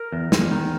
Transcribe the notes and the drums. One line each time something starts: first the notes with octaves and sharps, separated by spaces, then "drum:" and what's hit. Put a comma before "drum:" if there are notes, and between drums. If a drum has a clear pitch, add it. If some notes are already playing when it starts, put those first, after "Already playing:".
Already playing: A#4
E2
E2, drum: snare
D#3